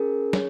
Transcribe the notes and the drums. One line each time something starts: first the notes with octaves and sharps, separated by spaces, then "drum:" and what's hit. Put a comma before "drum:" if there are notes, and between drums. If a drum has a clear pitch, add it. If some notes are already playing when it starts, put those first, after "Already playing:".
Already playing: C#4 G#4 A#4
C#5, drum: snare